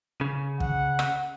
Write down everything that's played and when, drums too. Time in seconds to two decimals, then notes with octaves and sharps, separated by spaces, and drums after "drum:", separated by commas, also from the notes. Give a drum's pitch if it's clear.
0.21 C#3
0.60 F#5, drum: kick
0.99 drum: rim click